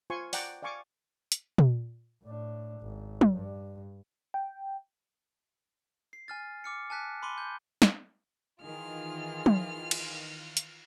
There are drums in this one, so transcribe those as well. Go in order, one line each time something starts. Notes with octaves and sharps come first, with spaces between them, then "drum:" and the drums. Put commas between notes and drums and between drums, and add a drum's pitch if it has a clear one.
F4 C5 G#5 C6 C#6
D5 F#5 G5 A#5, drum: open hi-hat
D5 F5 G#5 C#6 D6
drum: hi-hat
drum: tom
A2 D4
G#1
drum: tom
G2
G5
C7
G#5 F6 A6
D6 F6 C#7
G#5 A5 F#6 B6
B5 C6 D6 D#7 G7
G6
drum: snare
D#3 E3 F4 G#4 F6
drum: tom
drum: cymbal
drum: hi-hat